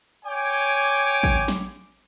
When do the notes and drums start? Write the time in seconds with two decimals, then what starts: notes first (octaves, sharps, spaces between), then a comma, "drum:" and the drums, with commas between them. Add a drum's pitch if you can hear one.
0.25 C#5 G5 G#5 D6
1.23 drum: kick A1
1.48 drum: snare